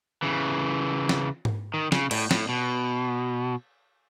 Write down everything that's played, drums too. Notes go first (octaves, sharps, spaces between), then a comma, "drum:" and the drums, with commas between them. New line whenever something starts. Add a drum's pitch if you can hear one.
C#3 E3
drum: snare
drum: tom G#2
D#3
C#3, drum: snare
A2, drum: cymbal
A2, drum: snare
B2